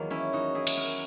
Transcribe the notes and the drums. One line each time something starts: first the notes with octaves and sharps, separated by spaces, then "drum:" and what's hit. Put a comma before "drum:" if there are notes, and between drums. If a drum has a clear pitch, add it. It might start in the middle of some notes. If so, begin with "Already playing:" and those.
Already playing: E2 D#3 F#3 A#3
C#4 E4
D#4 F#4
E4 G#4
drum: cymbal
F#4 A#4